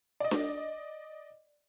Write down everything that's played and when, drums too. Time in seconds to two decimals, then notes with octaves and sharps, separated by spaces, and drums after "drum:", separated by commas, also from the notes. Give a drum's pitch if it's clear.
0.20 D5 D#5
0.31 drum: snare D4